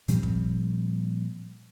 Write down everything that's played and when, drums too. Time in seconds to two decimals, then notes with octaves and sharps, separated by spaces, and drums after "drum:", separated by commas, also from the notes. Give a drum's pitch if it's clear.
0.08 A#2 F3 G3 C4, drum: hi-hat
0.23 drum: kick